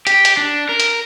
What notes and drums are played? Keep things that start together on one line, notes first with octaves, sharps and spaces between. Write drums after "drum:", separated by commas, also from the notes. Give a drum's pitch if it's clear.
G4, drum: hi-hat
drum: hi-hat
D4
A#4
drum: hi-hat